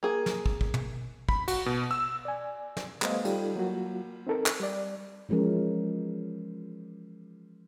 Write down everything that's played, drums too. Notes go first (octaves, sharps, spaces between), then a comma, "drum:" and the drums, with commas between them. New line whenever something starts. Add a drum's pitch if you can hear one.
A#3 G#4
drum: snare
drum: kick
drum: kick
drum: tom
B5, drum: kick
F#4, drum: cymbal
B2
E6
D5 G#5
drum: snare
G3 A3 B3 C5 D#5 F5, drum: clap
G3 D#4 F4 A4, drum: cymbal
F#3 A#3 F4 F#4
C4 D#4 A4 A#4
drum: clap
G3 D5
E3 F3 G#3 C#4 A#4